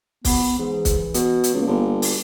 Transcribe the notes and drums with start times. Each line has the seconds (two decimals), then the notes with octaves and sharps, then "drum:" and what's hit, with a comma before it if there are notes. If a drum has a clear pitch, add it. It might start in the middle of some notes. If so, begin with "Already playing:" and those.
0.25 B3, drum: kick, open hi-hat
0.59 G#2 E3
0.85 drum: kick, hi-hat
1.14 B2, drum: hi-hat
1.44 drum: hi-hat
1.54 C#2 A#3
1.67 G1
2.02 drum: open hi-hat